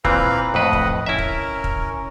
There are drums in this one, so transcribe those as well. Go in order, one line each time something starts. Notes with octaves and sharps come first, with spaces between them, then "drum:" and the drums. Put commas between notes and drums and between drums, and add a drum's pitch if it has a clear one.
A#2 E3 C4 B4 F5 A#5, drum: kick
F2 A2 B4 D#5 F#5
drum: kick
C#4 E4 A#4 E5
drum: kick
drum: kick